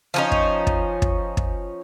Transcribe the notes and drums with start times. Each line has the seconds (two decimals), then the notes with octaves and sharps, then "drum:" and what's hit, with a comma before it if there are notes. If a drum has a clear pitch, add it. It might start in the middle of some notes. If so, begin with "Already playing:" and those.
0.14 F3 C#4 D#4
0.32 drum: kick
0.67 drum: kick
1.02 drum: kick
1.37 drum: kick